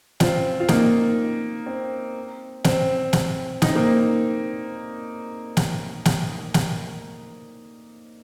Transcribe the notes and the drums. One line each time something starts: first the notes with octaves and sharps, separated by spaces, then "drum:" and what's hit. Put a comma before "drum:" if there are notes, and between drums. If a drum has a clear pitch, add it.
C4 F4, drum: snare
F4
A#3 D#4, drum: snare
C4
C4, drum: snare
drum: snare
D#4, drum: snare
C4
A#3 D#4
drum: snare
drum: snare
drum: snare